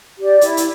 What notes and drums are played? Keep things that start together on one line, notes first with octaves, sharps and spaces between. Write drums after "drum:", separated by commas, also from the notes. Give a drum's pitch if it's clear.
G4 D5
E4, drum: hi-hat
drum: hi-hat